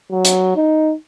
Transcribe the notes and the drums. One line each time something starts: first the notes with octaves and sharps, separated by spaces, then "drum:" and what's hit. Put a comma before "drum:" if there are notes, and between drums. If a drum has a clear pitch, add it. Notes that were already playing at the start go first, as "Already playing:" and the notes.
F#3
drum: hi-hat
D#4